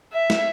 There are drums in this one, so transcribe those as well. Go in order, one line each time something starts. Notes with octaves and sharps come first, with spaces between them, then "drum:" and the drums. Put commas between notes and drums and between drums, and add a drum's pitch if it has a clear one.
E5
drum: snare